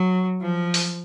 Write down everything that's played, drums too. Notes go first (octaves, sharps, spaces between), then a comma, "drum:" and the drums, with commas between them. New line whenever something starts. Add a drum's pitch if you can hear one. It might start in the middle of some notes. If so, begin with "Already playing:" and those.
Already playing: F#3
F3
drum: open hi-hat